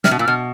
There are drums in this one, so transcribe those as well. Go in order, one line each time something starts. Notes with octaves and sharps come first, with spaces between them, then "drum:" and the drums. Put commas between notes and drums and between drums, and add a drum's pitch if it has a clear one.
C3 F6, drum: snare
B2
A#2 E6
B2 F6